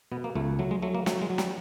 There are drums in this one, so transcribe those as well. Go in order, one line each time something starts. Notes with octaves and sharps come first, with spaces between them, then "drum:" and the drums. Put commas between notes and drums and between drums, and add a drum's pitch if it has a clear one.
B2 B3
A#3
C#2 A3
F#3 A3
G#3
F#3 A3
A#3
F#3 A3, drum: snare
G#3
F#3
G3, drum: snare